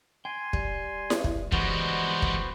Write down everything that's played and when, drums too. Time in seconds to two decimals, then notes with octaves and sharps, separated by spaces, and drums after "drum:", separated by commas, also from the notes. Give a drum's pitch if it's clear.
0.25 G5 G#5 C6
0.53 G3, drum: kick
1.10 drum: snare E4
1.24 drum: kick
1.52 E3 G3 G#3 B3 F#4 C5 D#5, drum: kick
2.22 drum: kick